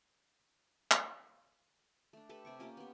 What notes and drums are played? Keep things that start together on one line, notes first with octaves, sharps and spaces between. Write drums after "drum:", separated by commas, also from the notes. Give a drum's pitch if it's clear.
drum: clap
A3 D4
G4 A4 B4 A5
C3 D5 C#6
A#3 C#4 F4 G4
B3 G4